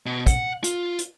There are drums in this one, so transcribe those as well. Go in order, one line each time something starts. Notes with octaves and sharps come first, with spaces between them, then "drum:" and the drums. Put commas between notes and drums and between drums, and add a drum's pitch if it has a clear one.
B2
F#5, drum: kick, hi-hat
F4, drum: hi-hat
drum: hi-hat